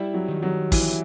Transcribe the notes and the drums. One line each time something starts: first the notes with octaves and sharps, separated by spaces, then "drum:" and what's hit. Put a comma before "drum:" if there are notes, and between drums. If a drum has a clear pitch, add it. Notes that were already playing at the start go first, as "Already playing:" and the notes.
Already playing: G3 E4
F#3
D#3
F#3
E3 E4, drum: kick, open hi-hat